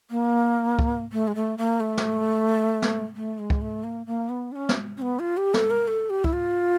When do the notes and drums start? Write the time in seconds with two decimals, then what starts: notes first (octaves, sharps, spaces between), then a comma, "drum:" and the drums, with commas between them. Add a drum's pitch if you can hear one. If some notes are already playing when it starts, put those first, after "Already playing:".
0.11 A#3
0.79 drum: kick C#2
1.12 A3
1.27 G#3
1.35 A3
1.58 A#3
1.80 A3
1.97 drum: snare
2.82 drum: snare
3.16 A3
3.39 G#3
3.50 drum: kick C#2
3.61 A3
3.84 A#3
4.06 A#3
4.29 B3
4.52 D4
4.56 C#4
4.69 drum: snare
4.97 C#4
5.02 B3
5.19 F4
5.37 G4
5.54 A4, drum: snare
5.71 A#4
5.88 A4
6.10 G4
6.24 E4, drum: kick C#2
6.33 F4